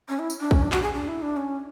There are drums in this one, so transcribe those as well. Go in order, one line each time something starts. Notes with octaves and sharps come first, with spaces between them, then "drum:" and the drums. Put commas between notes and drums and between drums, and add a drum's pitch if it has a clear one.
C#4
E4
drum: tambourine
D4
C#4, drum: kick
D4
F#4, drum: clap
G#4
D4
E4
D4
C#4